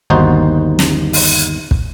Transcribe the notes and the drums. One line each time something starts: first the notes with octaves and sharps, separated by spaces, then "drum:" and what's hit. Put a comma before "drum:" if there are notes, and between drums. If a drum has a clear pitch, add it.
G1 D#2 D#4 F#4 C5
drum: snare
drum: open hi-hat
drum: kick